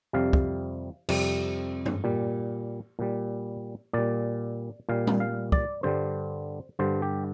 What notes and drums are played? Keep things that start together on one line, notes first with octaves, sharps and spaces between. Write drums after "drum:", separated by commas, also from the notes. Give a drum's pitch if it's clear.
F2 C3 G3 F5
drum: kick
F2 C3 G3, drum: cymbal
drum: tom
A#2 G3
A#2 G3
A#2 G3 D5
A#2 G3 F5
drum: tom G3
F5
D5, drum: kick
G2 D3 G3 C5
G2 D3 G3 C5
G4